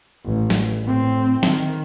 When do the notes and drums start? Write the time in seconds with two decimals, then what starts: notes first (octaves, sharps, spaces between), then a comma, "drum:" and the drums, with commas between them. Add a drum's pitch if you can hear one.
0.25 A1
0.50 drum: snare
0.85 A2 C4
1.43 D#3, drum: snare